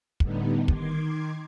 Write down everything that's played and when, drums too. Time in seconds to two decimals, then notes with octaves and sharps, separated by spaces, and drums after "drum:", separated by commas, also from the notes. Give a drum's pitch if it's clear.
0.20 A2 D3 G3 B3 D#4, drum: kick
0.68 D#3 C6 D6 G#6, drum: kick